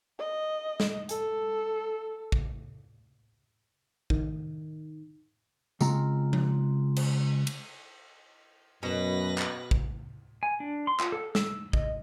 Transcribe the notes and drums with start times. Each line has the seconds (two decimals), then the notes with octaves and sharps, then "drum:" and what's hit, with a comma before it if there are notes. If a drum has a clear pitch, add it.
0.19 D#5
0.80 drum: snare
1.09 A4, drum: hi-hat
2.32 drum: kick
4.10 D#3, drum: kick
5.81 C#3 G#3 C4 F4 A#5, drum: tambourine
6.33 drum: tom F3
6.96 drum: cymbal
7.47 drum: cymbal
8.83 F#2 B2 B4 A#6
9.38 drum: clap
9.71 drum: kick
10.43 G#5
10.60 D4
10.87 C6
11.00 F4, drum: clap
11.12 A4
11.35 E6, drum: snare
11.73 D#5, drum: kick